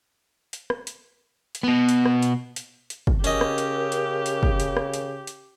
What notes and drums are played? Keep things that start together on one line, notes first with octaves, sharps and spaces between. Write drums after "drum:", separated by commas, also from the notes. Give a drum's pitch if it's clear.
drum: hi-hat
drum: rim click
drum: hi-hat
drum: hi-hat
B2 B3
drum: hi-hat
drum: rim click
drum: hi-hat
drum: hi-hat
drum: hi-hat
drum: kick
C#3 C#4 G4 A#4 D#5, drum: hi-hat
drum: rim click
drum: hi-hat
drum: hi-hat
drum: hi-hat
drum: kick
drum: hi-hat
drum: rim click
drum: hi-hat
drum: hi-hat